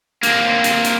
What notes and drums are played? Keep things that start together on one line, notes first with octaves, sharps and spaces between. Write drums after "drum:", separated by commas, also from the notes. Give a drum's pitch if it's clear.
A#3 C4, drum: hi-hat
drum: hi-hat
drum: hi-hat